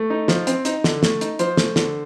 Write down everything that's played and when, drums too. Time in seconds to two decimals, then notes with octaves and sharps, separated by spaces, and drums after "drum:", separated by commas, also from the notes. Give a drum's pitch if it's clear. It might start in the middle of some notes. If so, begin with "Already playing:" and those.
Already playing: A3
0.10 D#4
0.28 F3, drum: snare
0.47 C4, drum: hi-hat
0.65 D#4, drum: hi-hat
0.84 D3, drum: snare
1.03 A3, drum: snare
1.21 D#4, drum: hi-hat
1.39 F3 C5, drum: hi-hat
1.57 A3, drum: snare
1.76 D3, drum: snare